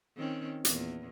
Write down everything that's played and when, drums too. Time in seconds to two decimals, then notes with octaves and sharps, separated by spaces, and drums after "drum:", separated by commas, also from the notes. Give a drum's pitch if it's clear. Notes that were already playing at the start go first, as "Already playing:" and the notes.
0.17 D#3 C4 C#4
0.65 E2 A#2, drum: hi-hat